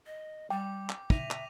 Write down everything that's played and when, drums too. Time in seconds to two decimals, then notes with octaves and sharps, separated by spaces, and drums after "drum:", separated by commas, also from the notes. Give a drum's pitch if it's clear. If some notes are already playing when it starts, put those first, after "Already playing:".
0.06 D#5
0.50 G3 G5 D6
0.89 drum: clap
1.10 E5 A#6 D#7 F7, drum: kick
1.31 drum: clap